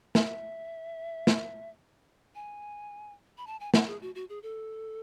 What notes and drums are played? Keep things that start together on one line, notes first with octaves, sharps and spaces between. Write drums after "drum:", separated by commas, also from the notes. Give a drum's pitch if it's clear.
E5, drum: snare
drum: snare
G#5
B5
A5
G#5
F#5, drum: snare
G#4
F#4
F#4
G#4
A4